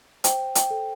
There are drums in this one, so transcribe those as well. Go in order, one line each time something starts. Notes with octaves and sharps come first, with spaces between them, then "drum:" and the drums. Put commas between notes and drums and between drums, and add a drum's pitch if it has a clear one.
C5 G5, drum: hi-hat
G5, drum: hi-hat
A4